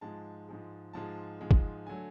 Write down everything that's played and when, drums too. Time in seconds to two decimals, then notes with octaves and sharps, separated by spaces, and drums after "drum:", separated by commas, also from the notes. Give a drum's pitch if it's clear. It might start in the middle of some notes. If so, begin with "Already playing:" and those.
0.01 G#2 F3 G#3 A5
0.49 G#2 F3 G#3
0.93 G#2 F3 G#3 A5
1.41 G#2 F3 G#3
1.51 drum: kick
1.87 D3 F#3 A3 G#5